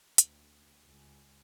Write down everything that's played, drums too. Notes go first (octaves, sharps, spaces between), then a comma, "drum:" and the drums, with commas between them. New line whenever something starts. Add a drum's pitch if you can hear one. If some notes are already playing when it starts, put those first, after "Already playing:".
D2, drum: hi-hat
C#2